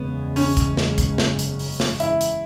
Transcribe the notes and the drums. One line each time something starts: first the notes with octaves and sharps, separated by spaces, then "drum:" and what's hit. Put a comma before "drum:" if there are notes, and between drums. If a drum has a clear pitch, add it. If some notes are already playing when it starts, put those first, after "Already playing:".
Already playing: F#1 E2 C#3 G#3 B3
C#4, drum: open hi-hat
drum: kick B1, hi-hat
drum: snare
drum: kick B1, hi-hat
drum: snare
drum: hi-hat
drum: open hi-hat
drum: snare
E4, drum: hi-hat
drum: hi-hat